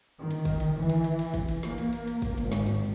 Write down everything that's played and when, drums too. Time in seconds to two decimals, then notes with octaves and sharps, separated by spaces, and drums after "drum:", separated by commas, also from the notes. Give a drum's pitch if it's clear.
0.18 D#3
0.31 drum: cymbal
0.45 drum: kick, cymbal
0.60 drum: cymbal
0.79 E3
0.89 drum: cymbal
1.04 drum: cymbal
1.19 drum: cymbal
1.34 drum: kick, cymbal
1.48 drum: cymbal
1.63 A#3, drum: snare
1.78 drum: cymbal
1.93 drum: cymbal
2.07 drum: cymbal
2.22 drum: kick, cymbal
2.38 G#1, drum: cymbal
2.52 drum: snare
2.66 drum: cymbal